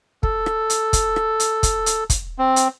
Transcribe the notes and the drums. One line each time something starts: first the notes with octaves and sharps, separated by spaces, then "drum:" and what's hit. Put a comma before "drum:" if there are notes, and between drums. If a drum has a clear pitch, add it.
A4, drum: kick
drum: rim click
drum: hi-hat
drum: kick, hi-hat
drum: rim click
drum: hi-hat
drum: kick, hi-hat
drum: hi-hat
drum: kick, hi-hat
C4
drum: hi-hat